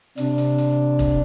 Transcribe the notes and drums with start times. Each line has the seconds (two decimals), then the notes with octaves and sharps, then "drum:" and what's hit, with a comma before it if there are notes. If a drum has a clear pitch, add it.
0.18 C3 D4, drum: hi-hat
0.38 drum: hi-hat
0.58 drum: hi-hat
0.99 drum: kick, hi-hat